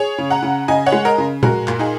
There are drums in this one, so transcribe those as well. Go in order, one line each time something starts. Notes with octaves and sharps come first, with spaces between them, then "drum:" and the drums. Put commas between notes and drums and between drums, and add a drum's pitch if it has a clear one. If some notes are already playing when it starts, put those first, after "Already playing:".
Already playing: G#4 C#5
C#3
F#5 A#5
C#3
C#3 D#5 G#5
C#5 F#5
G#3
A#4 D#5
C#3
G#3 F#4 A#4, drum: tom A#2
A#2, drum: clap
D#4 G#4